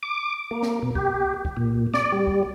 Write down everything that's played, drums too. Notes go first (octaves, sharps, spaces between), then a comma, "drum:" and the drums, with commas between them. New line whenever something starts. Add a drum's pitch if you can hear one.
D6
A#3
drum: snare
B2
G4, drum: kick
drum: kick
A#2
D5, drum: snare
G3
drum: kick